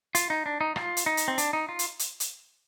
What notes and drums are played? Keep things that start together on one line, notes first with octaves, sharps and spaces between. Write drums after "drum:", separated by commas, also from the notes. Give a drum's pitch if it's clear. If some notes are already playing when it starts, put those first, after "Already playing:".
F4, drum: hi-hat
D#4
D4
D#4
F4, drum: rim click
drum: hi-hat
D#4
drum: hi-hat
C4
D4, drum: hi-hat
D#4
F4
drum: hi-hat
drum: hi-hat
drum: hi-hat